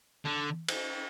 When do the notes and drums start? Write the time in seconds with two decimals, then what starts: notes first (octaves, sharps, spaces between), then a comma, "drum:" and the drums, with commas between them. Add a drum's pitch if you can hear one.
0.25 D3
0.68 drum: cymbal